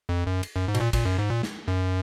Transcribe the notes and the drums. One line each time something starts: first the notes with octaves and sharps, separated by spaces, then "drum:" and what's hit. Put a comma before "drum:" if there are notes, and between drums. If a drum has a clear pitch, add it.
F2
F#2
drum: cymbal
F#2
G#2
B2, drum: cymbal
A#2
A#2, drum: kick, cymbal
F#2
G#2
A#2
drum: snare
F#2